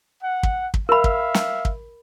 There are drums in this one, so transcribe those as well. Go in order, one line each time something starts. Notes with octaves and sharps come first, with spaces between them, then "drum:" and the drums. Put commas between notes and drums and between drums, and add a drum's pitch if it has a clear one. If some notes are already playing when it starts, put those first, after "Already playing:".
F#5
drum: kick
drum: kick
A#4 E5 F5 B5
drum: kick
drum: snare
drum: kick